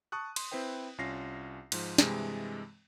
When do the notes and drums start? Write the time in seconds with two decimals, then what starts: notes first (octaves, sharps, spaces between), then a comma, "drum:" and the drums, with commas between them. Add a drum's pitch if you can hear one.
0.12 A5 C#6 D#6 F#6
0.36 C6, drum: cymbal
0.52 C4 E4 B4 C5 G5
0.98 C2 C#4 F4 A#6 C7
1.72 G#2 F3, drum: cymbal
1.98 G2 C3 E3 G#3, drum: snare